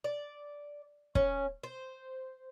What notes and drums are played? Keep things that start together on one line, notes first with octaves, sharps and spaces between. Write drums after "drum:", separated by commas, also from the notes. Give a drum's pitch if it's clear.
D5
C#4, drum: kick
C5